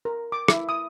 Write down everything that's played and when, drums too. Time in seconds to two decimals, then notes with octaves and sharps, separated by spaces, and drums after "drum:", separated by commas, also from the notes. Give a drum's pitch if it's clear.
0.05 A#4
0.32 D6
0.48 E4, drum: rim click
0.69 D#6